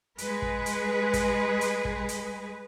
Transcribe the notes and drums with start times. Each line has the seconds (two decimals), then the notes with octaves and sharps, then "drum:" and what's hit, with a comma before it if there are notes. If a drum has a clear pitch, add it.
0.18 G#3 G#4 B4, drum: hi-hat
0.42 drum: kick
0.66 drum: hi-hat
1.13 drum: kick, hi-hat
1.61 drum: hi-hat
1.85 drum: kick
2.09 drum: hi-hat